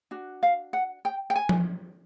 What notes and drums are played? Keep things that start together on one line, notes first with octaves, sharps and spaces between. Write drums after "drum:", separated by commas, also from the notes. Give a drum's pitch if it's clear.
D4 F#4
F5
F#5
G5
G5
G#5
drum: tom F3